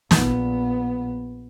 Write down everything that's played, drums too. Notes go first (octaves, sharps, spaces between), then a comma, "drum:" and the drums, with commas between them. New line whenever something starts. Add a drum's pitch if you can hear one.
A#1 B3, drum: snare